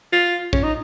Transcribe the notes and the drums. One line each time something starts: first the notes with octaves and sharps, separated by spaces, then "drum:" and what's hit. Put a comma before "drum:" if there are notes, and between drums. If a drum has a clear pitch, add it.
F4
C#4, drum: kick
D#4